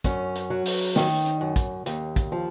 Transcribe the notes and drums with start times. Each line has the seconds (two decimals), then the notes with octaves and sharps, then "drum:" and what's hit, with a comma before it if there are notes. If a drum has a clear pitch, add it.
0.04 F#2 C#4, drum: kick, hi-hat
0.35 drum: hi-hat
0.50 F#3
0.66 drum: open hi-hat
0.96 D#3, drum: snare
1.26 drum: hi-hat
1.41 F#2
1.56 drum: kick, hi-hat
1.86 D#2, drum: hi-hat
2.16 drum: kick, hi-hat
2.32 F3